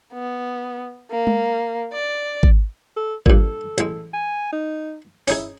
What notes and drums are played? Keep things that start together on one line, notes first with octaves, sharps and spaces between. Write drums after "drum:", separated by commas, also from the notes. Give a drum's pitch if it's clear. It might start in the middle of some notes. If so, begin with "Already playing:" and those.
B3
A#3
drum: tom G#3
D5
drum: kick G#1
A4
G2 A#2 A4, drum: kick G#1
A1 G#3, drum: hi-hat
G#5
D#4
C#4 D#4 E4 G#4, drum: open hi-hat